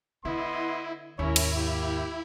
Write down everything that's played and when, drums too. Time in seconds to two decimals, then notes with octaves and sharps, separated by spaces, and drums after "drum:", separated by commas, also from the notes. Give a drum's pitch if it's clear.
0.25 D3 B3 E4 D#5 C6
1.19 D#2 G#2 C#4 E4 A#4 C#5
1.36 drum: cymbal
1.56 A#3 G4